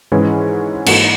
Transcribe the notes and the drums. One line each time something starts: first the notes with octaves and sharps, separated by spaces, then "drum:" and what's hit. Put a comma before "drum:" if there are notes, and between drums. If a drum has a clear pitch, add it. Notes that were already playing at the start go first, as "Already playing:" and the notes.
G#2 E3 G#3 C#4 G#4
G#2 E3 A#3 D#4 F#4, drum: cymbal